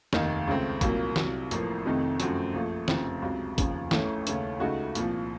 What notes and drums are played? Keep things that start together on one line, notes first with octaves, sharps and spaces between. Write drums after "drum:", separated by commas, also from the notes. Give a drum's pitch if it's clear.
F1 D#2 D#3, drum: snare
C#2 C#3 A3 C4
C2 A#2 F#3 A#3, drum: kick, hi-hat
C2 C3 F#3, drum: snare
A1 A2 F3 A#3, drum: hi-hat
F1 F2 C3 D#3 A3
F#2 F3 A3 C4 F#4, drum: hi-hat
A#1 A#2 F3 A3
F1 F2 C#3 F3 C4, drum: snare
C#2 C3 F#3
F1 D#2 C#3 F3, drum: kick, hi-hat
A1 A2 A3 C#4, drum: snare
D#2 C#3 A3 C#4, drum: hi-hat
C#2 C#3 A3 D#4 F#4
C2 A#2 F3, drum: hi-hat